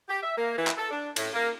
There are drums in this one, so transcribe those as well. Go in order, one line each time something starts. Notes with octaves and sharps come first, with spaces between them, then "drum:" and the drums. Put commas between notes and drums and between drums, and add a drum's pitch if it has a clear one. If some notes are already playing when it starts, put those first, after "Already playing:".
G4
E5
A#3
E3
drum: clap
A4
D4
A2, drum: cymbal
A#3